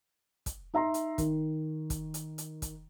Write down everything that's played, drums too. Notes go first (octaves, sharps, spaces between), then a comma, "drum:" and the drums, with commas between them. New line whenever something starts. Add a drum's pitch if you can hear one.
drum: kick, hi-hat
D#4 E5 A#5 C6
drum: hi-hat
D#3, drum: kick, hi-hat
drum: kick, hi-hat
drum: hi-hat
drum: hi-hat
drum: kick, hi-hat